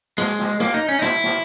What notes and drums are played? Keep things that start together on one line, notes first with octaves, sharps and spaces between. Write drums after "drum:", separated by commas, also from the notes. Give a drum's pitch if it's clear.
G#3, drum: snare
drum: snare
A#3, drum: snare
D#4
C#4
D#4
E4, drum: snare
drum: snare